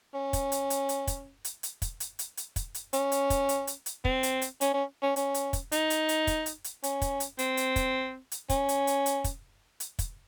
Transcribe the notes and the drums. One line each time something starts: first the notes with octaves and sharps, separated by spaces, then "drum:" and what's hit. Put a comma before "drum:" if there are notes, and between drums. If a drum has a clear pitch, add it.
C#4
drum: kick, hi-hat
drum: hi-hat
drum: hi-hat
drum: hi-hat
drum: kick, hi-hat
drum: hi-hat
drum: hi-hat
drum: kick, hi-hat
drum: hi-hat
drum: hi-hat
drum: hi-hat
drum: kick, hi-hat
drum: hi-hat
C#4, drum: hi-hat
drum: hi-hat
drum: kick, hi-hat
drum: hi-hat
drum: hi-hat
drum: hi-hat
C4, drum: kick
drum: hi-hat
drum: hi-hat
C#4, drum: hi-hat
C#4
C#4
C#4, drum: hi-hat
drum: hi-hat
drum: kick, hi-hat
D#4, drum: hi-hat
drum: hi-hat
drum: hi-hat
drum: kick, hi-hat
drum: hi-hat
drum: hi-hat
C#4, drum: hi-hat
drum: kick, hi-hat
drum: hi-hat
C4, drum: hi-hat
drum: hi-hat
drum: kick, hi-hat
drum: hi-hat
C#4, drum: kick, hi-hat
drum: hi-hat
drum: hi-hat
drum: hi-hat
drum: kick, hi-hat
drum: hi-hat
drum: kick, hi-hat